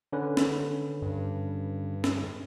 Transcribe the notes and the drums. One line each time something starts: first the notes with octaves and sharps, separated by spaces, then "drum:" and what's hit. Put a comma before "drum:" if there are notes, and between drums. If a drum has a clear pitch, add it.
D3 C#4 B4
drum: snare
G2
drum: snare